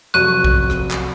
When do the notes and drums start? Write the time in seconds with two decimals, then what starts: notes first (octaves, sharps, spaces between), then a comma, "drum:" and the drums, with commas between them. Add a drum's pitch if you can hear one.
0.14 F1 F#3 C#6 F#6 D#7
0.44 drum: kick B1
0.70 drum: rim click
0.91 drum: clap